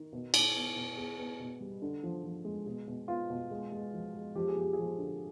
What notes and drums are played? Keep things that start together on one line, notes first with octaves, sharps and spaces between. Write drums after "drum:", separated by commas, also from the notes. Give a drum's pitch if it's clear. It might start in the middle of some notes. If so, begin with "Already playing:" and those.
Already playing: D#3
B2
B2, drum: cymbal
B3
B2
B3 G#4
B3
B2
G3
D3
F3
F3
G#3
B2 G#4
B2
B3 F4
B2
G#3
G#3
F3
G#3
F3 G4
G#4
F3 G4
G#4
F3 G4
D3